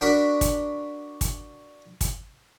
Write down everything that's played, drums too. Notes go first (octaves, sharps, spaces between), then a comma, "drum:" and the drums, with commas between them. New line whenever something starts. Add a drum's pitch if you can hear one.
D4 F#4 A#4 F#5 B5
drum: kick, hi-hat
drum: kick, hi-hat
drum: kick, hi-hat